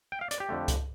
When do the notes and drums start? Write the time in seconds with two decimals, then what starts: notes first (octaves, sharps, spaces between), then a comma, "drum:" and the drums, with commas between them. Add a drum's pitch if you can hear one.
0.12 G5
0.21 F5
0.31 D5, drum: hi-hat
0.40 G4
0.49 F2 D3 A3
0.68 drum: kick C#2, hi-hat